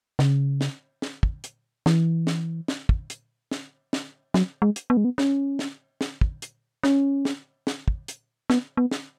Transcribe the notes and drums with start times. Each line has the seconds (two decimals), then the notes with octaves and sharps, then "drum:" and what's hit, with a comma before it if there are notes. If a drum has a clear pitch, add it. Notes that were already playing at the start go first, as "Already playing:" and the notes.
0.19 C#3, drum: snare
0.61 drum: snare
1.02 drum: snare
1.23 drum: kick
1.44 drum: hi-hat
1.86 E3, drum: snare
2.27 drum: snare
2.68 drum: snare
2.89 drum: kick
3.10 drum: hi-hat
3.51 drum: snare
3.93 drum: snare
4.34 F#3, drum: snare
4.62 G#3
4.76 drum: hi-hat
4.90 B3
4.97 G#3
5.05 B3
5.18 C#4, drum: snare
5.59 drum: snare
6.01 drum: snare
6.21 drum: kick
6.42 drum: hi-hat
6.83 C#4, drum: snare
7.25 drum: snare
7.67 drum: snare
7.88 drum: kick
8.08 drum: hi-hat
8.50 B3, drum: snare
8.77 B3
8.91 drum: snare